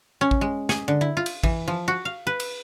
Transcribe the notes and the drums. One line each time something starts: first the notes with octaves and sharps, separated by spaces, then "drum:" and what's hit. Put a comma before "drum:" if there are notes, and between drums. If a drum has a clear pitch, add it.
C#4
drum: kick A1
G#3
G#4, drum: snare
D3
E4
F4
drum: cymbal
E3, drum: kick A1
F3
F#4
F5
B4
drum: cymbal